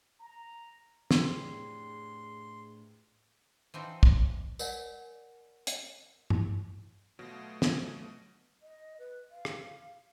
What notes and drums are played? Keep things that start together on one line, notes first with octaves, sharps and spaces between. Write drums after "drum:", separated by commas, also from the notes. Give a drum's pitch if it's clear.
A#5
F2 A2 C3 E3 D4 G#4 C6, drum: snare
E3 F3 C4 D#4
drum: kick
A#4 C#5 D5 F#5 G#5, drum: tambourine
drum: hi-hat
drum: tom G2
B2 F#3 A3 F4
drum: snare
D#5
B4
F5
drum: rim click